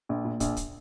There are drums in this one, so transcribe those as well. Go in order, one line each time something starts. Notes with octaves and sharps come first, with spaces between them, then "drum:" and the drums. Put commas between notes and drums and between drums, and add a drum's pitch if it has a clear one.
A#1
A#2
A#1, drum: kick, hi-hat
drum: kick, hi-hat